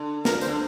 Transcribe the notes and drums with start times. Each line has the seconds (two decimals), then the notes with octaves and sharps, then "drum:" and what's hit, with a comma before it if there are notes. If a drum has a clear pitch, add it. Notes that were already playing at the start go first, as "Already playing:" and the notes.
Already playing: D3
0.25 A#4, drum: snare
0.41 C5, drum: tambourine
0.46 D3